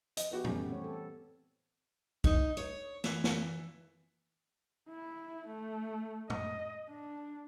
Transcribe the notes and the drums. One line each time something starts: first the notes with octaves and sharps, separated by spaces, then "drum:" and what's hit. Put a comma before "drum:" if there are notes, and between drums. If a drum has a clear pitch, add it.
D#5, drum: hi-hat
B3 F#4 G4
E3 G3 A3 B3 C#4 G4, drum: tom A2
C4 C#5
A4
D#4, drum: kick
C#5
E3, drum: snare
drum: snare
E4
A3
D#5, drum: tom
D4